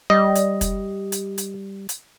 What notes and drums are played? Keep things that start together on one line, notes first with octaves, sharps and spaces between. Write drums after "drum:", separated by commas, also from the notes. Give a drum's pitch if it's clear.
G3 D#5
drum: hi-hat
drum: kick, hi-hat
drum: hi-hat
drum: hi-hat
drum: hi-hat